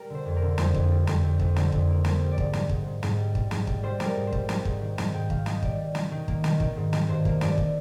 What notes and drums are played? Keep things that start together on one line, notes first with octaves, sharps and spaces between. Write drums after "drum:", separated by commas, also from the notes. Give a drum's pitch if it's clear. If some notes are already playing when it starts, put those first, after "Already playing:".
Already playing: G3 A#4
D3 C5
F2
A#4
D3
F2 C5, drum: snare
F2, drum: kick
G3
F2, drum: snare
F2
F2, drum: kick
D3, drum: snare
F2, drum: kick
A#3 A#4
A#3, drum: snare
C5
G3
D5
G#2, drum: kick
G3, drum: snare
G#2, drum: kick
G#2
G#2, drum: snare
G3
G3, drum: kick
G#2, drum: snare
G3, drum: kick
G3 C5
G3, drum: snare
A#4
G#2
C5
G3, drum: kick
G3, drum: snare
G#2, drum: kick
D#3
G#2, drum: snare
G#2 G5
D#3 F5, drum: kick
D#3 D#5, drum: snare
G3 D5, drum: kick
G3
D#3, drum: snare
D#3
A#3, drum: kick
D#3, drum: snare
D#3, drum: kick
G#2
D#3, drum: snare
G2 C5
A#3, drum: kick
G2 D5, drum: snare
drum: kick